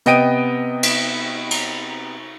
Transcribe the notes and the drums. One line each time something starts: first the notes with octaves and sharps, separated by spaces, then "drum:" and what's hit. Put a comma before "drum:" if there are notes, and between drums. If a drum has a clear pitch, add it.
C3 B3 D#5 G5 D7 D#7, drum: hi-hat
drum: cymbal
drum: cymbal